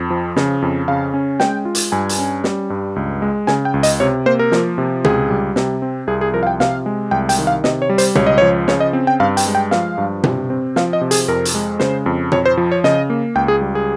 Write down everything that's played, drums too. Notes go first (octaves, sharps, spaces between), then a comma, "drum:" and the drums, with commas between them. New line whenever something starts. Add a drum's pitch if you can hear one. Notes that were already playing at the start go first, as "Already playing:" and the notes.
Already playing: F2
F3
C#3, drum: snare
F2
C#3 F5
C#4
G#3 G5, drum: snare
F4
drum: hi-hat
G2 G#5
drum: hi-hat
C#4
G3, drum: snare
G2
C#2
G#3
C#3 G#5, drum: snare
G5
C#2
D#5, drum: hi-hat
C3 C#5
A#3 C5
A#4
F3, drum: snare
C3
C#2 G#4, drum: tom B2
G3
C3, drum: snare
C4
C2 G#4
G#4
F3 A#4
F5
G5
C3 F5, drum: snare
G#3
C2 G5
G5, drum: hi-hat
D#3
F5
C3 D#5, drum: snare
C#5
G3
C5, drum: hi-hat
C#2 C#5, drum: tom B2
D#5
F3 C#5
C#3 C#5, drum: snare
D#5
C4
G5
G2 F5
G5, drum: hi-hat
G#3
G5
F3 F5, drum: snare
G2
C3, drum: tom B2
C4
F3 F5, drum: snare
D#5
C3
G#4, drum: hi-hat
F2 A#4
drum: hi-hat
G#3
C#3 C5, drum: snare
F2
F2 C#5, drum: tom B2
C5
F3
C#5
C#3 D#5, drum: snare
A#3
C#2 G5
G#4
G3
G#4